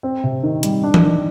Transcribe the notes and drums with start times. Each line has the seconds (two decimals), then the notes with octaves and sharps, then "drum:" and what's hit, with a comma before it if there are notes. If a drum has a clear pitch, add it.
0.03 C4
0.24 C3
0.43 D#3
0.63 G3, drum: hi-hat
0.84 D4
0.94 drum: tom E3
1.04 D#3